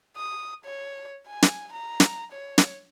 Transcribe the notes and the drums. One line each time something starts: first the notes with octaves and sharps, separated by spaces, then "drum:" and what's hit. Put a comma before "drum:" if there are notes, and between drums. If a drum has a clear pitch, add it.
D#6
C#5
G#5
drum: snare
A#5
drum: snare
C#5
drum: snare